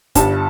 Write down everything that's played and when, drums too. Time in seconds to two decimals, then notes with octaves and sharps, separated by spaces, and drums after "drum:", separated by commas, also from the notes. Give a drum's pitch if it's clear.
0.15 G1 G2 G3 A5, drum: kick, hi-hat